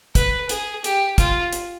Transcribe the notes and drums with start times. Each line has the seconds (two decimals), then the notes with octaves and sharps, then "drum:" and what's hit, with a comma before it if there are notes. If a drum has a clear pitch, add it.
0.15 B4, drum: kick, hi-hat
0.49 G#4, drum: hi-hat
0.84 G4, drum: hi-hat
1.18 F4, drum: kick, hi-hat
1.53 drum: hi-hat